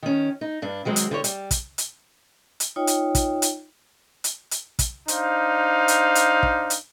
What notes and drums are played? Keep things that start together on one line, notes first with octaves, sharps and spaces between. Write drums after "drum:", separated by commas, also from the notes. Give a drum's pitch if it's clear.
D#3 C#4
D#4
G2 D4
D#3 F#3 G#3 C4
drum: hi-hat
D3 G3 C#5
G3, drum: hi-hat
drum: kick, hi-hat
drum: hi-hat
drum: hi-hat
D#4 F4 C#5 D#5 G5
drum: hi-hat
drum: kick, hi-hat
drum: hi-hat
drum: hi-hat
drum: hi-hat
drum: kick, hi-hat
D4 D#4 C5 F5, drum: hi-hat
drum: hi-hat
drum: hi-hat
drum: kick
drum: hi-hat